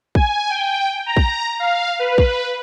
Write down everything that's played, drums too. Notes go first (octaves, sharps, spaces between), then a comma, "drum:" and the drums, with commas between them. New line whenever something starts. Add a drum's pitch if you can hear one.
G#5, drum: kick
G5
A#5
drum: kick
F5
B4
drum: kick